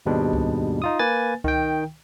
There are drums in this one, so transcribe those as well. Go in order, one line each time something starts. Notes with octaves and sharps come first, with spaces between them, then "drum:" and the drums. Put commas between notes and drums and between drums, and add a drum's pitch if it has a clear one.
D#2 G#2 B2 G3 G#3 D4
drum: kick C#2
D#4 F4 D#6
A#3 B4 G#5 A6
D#3 G5, drum: kick C#2